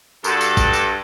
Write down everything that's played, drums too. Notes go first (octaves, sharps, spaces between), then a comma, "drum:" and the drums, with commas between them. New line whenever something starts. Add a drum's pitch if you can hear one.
G2 F#4 A4, drum: tambourine
drum: tambourine
drum: kick, tambourine
drum: tambourine